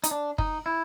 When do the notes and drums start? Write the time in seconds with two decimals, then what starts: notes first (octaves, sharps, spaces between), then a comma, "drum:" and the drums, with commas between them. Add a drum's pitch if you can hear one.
0.04 D#4, drum: hi-hat
0.11 D4
0.38 D#4, drum: kick
0.66 E4